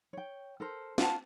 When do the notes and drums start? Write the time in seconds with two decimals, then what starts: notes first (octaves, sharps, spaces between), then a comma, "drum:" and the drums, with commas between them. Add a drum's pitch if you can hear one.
0.13 C#5 G5
0.60 A4 A#4 C5
0.98 F4 F#5 A5, drum: snare